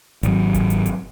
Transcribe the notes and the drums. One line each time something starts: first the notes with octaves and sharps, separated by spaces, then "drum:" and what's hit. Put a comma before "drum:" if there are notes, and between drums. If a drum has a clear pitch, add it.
G#1 F#3, drum: hi-hat
drum: kick F#1, hi-hat
drum: hi-hat
drum: hi-hat